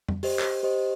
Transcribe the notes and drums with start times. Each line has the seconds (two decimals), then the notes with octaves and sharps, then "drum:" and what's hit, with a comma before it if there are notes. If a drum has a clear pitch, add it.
0.08 drum: tom F2
0.23 G4 C5 D#5, drum: open hi-hat
0.39 drum: clap
0.63 G4 C5 D#5